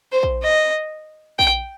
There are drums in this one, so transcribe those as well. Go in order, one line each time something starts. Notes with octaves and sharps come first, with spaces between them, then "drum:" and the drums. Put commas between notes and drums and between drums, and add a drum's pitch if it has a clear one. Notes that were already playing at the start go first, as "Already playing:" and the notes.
C5
drum: kick A#1
D#5
G5, drum: kick A#1